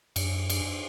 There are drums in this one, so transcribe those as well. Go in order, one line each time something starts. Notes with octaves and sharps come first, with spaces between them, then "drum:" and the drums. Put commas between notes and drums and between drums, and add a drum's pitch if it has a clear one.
F#2, drum: cymbal
drum: cymbal